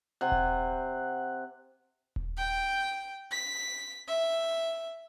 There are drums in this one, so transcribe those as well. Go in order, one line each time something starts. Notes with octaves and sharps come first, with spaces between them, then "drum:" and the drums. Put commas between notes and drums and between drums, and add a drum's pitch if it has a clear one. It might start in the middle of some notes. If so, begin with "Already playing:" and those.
C3 F#5
drum: kick D#1
drum: kick D#1
G5
B6
E5